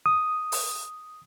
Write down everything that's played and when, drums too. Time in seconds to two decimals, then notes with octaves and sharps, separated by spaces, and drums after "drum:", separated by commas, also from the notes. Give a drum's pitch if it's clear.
0.06 D#6
0.52 drum: open hi-hat